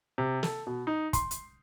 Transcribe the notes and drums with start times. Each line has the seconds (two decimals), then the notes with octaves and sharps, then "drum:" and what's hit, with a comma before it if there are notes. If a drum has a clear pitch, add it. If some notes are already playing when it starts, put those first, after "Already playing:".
0.18 C3
0.43 A4, drum: snare
0.67 B2
0.87 D#4
1.13 C6, drum: kick, hi-hat
1.31 drum: hi-hat